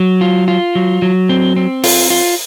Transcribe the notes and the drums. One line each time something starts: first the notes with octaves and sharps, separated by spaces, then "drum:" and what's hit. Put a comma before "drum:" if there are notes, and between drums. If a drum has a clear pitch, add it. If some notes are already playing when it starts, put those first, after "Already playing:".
Already playing: F#3
F4
F4
F#3
F#3
C4
C4
F4, drum: open hi-hat
F4